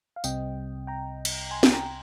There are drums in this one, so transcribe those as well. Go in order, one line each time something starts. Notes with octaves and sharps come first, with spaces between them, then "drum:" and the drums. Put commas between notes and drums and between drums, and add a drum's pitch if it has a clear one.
F5
C2 C3 G3 C4 D#5 G5, drum: tambourine
G5 A#5
drum: cymbal
G#5 C6
drum: snare
G5 A#5